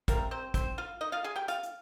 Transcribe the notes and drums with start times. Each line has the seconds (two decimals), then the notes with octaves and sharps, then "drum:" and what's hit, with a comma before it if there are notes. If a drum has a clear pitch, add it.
0.08 C3 G3 A#3 C4 A#4, drum: kick, hi-hat
0.31 C4 C5
0.54 C4 C5, drum: kick, hi-hat
0.78 F4 F5
1.01 D#4 D#5
1.12 F4 F5
1.24 G#4 G#5
1.36 G4 G5
1.48 F4 F5, drum: hi-hat
1.63 drum: hi-hat